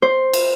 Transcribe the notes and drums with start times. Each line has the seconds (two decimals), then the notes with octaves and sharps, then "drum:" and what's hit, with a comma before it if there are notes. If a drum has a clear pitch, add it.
0.02 C5
0.33 drum: cymbal